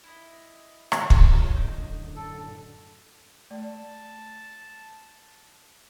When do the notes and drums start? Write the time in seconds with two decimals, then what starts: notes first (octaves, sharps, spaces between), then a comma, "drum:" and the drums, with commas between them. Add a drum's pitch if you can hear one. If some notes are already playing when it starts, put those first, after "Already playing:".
0.03 E4 D#5
0.92 A#3 F#4 C#6, drum: rim click
1.10 D#5, drum: kick
1.32 G#3 A#3 F4 C#5 C#6 F#6
1.56 F#2 A2 D3 D#5 G6
2.16 A4 D5
3.51 A3 D5 A5